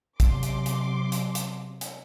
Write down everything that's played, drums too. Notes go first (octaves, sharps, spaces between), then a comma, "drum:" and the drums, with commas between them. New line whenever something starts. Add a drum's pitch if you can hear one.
C3 F#3 C6 D6, drum: kick, hi-hat
drum: hi-hat
drum: hi-hat
drum: hi-hat
drum: hi-hat
drum: hi-hat